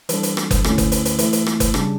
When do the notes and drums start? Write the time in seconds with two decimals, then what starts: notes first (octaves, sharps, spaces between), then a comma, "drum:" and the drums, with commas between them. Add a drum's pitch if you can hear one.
0.09 E3 G3 D4 A4, drum: hi-hat
0.23 drum: hi-hat
0.37 drum: rim click
0.51 drum: kick F#1, hi-hat
0.64 D2 D3 A3 C#4 E4, drum: rim click
0.78 drum: kick F#1, hi-hat
0.92 drum: hi-hat
1.05 drum: hi-hat
1.19 E3 A3 E4, drum: hi-hat
1.33 drum: hi-hat
1.46 drum: rim click
1.60 drum: kick F#1, hi-hat
1.74 C#3 G3 D4, drum: rim click